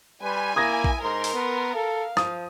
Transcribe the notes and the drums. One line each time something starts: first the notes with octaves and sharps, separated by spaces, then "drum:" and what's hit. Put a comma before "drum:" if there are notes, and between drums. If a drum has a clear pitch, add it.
G3 B4 G#5 C6
A#3 E4 D#6 G#6 A#6
drum: kick
G#2 A#4 C6
drum: open hi-hat
B3
A4 F5
F3 D#6, drum: rim click